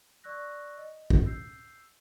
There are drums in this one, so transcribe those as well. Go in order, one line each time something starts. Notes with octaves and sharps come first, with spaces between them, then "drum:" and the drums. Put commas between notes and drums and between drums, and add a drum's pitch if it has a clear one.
D5 C#6 E6 F#6 A#6
D#5
drum: kick
E6 G6 C7